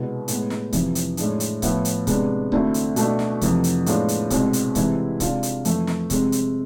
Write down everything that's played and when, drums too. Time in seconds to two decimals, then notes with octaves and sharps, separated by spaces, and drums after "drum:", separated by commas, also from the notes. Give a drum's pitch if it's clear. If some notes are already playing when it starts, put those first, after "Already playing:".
Already playing: C2 B2 G#3 B3
0.28 A2 G#3 B3, drum: hi-hat
0.50 drum: snare
0.73 F2 C3 E3, drum: kick C#1, hi-hat
0.95 drum: hi-hat
1.17 A2 G#3 D4, drum: hi-hat
1.40 drum: hi-hat
1.62 A2 F3 B3 E4, drum: kick C#1, hi-hat
1.85 drum: hi-hat
2.07 C3 G#3 B3 D4, drum: kick C#1, hi-hat
2.52 D2 D3 A3 C4 E4, drum: kick C#1
2.74 drum: hi-hat
2.96 B2 A3 D4, drum: hi-hat
3.19 drum: snare
3.41 F2 C3 E3 A3, drum: kick C#1, hi-hat
3.64 drum: hi-hat
3.86 A2 G#3 B3 D4 F4, drum: hi-hat
4.08 drum: hi-hat
4.30 C2 B2 G#3 C4, drum: kick C#1, hi-hat
4.53 drum: hi-hat
4.75 C3 E3 G#3 C4 E4, drum: kick C#1, hi-hat
5.20 C3 G#3 D4 F4, drum: kick C#1, hi-hat
5.43 drum: hi-hat
5.65 F2 E3 A3, drum: hi-hat
5.87 drum: snare
6.10 C3 G#3 C4, drum: kick C#1, hi-hat
6.32 drum: hi-hat